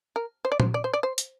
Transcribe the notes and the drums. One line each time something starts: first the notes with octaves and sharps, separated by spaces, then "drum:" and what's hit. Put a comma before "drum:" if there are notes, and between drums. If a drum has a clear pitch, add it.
A#4
C5
D5
C5, drum: tom A#2
D5
C5
D5
C5
drum: hi-hat